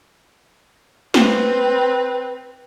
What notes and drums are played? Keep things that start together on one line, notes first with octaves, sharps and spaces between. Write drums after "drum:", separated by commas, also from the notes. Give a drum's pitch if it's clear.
C4 B4, drum: snare